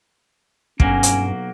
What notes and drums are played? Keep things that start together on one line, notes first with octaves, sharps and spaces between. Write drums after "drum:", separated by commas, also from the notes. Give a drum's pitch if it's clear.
B1 G2 F#3 A#3 C#4, drum: kick
drum: hi-hat